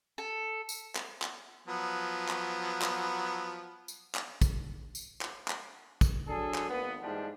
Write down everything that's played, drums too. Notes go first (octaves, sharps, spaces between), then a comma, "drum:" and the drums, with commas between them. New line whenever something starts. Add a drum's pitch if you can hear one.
A4
drum: tambourine
drum: clap
drum: clap
F3 F#3 B3
drum: clap
drum: clap
drum: tambourine
drum: clap
drum: kick, tambourine
drum: tambourine
drum: clap
drum: clap
drum: kick, tambourine
F#3 D4 G#4 A4
drum: clap
G#1 A#3 B3
G#2 E3 F3 G3 D4